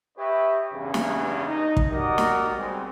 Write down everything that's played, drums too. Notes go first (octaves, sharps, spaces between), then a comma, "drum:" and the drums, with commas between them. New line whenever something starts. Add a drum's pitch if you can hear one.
G4 B4 C#5 D#5 E5
E2 G2 C#3
drum: snare
D#4
drum: kick
F#4 G4 A#4 D5 D#5 F#5
drum: snare
B1 C#3 G3 G#3 C4